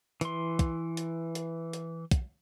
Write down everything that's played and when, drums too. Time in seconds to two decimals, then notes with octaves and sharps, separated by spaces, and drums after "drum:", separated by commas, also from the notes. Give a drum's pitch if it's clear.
0.21 E3 C6, drum: hi-hat
0.59 drum: kick, hi-hat
0.97 drum: hi-hat
1.35 drum: hi-hat
1.73 drum: hi-hat
2.11 drum: kick, hi-hat